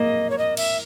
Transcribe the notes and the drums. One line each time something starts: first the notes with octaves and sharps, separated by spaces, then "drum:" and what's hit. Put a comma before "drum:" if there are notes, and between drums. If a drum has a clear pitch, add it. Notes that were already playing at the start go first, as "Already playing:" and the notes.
Already playing: A#3 D#5
C#5
D#5
E5, drum: cymbal